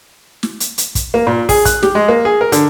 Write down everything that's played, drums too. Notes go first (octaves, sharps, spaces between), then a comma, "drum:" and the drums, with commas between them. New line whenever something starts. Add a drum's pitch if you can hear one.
drum: snare
drum: hi-hat
drum: hi-hat
drum: kick, hi-hat
A#3
A#2
G#4, drum: kick, open hi-hat
F#6, drum: kick, hi-hat
G4, drum: snare
G#3
A#3
G#4
A#4
D3, drum: hi-hat